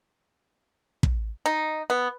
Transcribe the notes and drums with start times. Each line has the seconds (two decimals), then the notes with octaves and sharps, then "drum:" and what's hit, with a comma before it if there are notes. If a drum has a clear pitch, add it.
1.03 drum: kick
1.46 D#4
1.90 B3